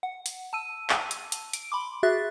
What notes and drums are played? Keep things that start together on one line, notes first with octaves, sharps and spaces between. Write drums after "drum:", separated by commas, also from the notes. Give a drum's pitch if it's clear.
F#5
drum: hi-hat
A5 E6 D#7
drum: clap
drum: hi-hat
drum: hi-hat
D7, drum: hi-hat
B5 C6 D6
F#4 G#4 E5 F#6 A6